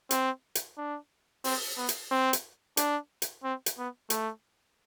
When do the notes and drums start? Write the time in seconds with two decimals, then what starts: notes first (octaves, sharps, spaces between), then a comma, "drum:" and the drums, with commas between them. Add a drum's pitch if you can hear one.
0.11 C4, drum: hi-hat
0.55 drum: hi-hat
0.77 D4
1.44 C4, drum: open hi-hat
1.77 B3
1.89 drum: hi-hat
2.11 C4
2.33 drum: hi-hat
2.77 D4, drum: hi-hat
3.22 drum: hi-hat
3.44 C4
3.66 drum: hi-hat
3.78 B3
4.10 A3, drum: hi-hat